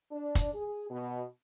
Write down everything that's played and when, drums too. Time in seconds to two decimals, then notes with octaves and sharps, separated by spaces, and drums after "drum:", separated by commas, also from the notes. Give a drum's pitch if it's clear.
0.12 D4
0.35 drum: kick, hi-hat
0.53 G#4
0.90 B2